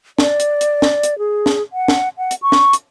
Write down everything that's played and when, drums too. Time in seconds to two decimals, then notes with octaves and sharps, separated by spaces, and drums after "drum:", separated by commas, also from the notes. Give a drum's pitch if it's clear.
0.19 D5, drum: snare
0.40 drum: hi-hat
0.61 drum: hi-hat
0.82 drum: snare
1.03 drum: hi-hat
1.19 G#4
1.46 drum: snare
1.73 F#5
1.88 drum: snare
2.18 F#5
2.31 drum: hi-hat
2.42 C#6
2.52 drum: snare
2.73 drum: hi-hat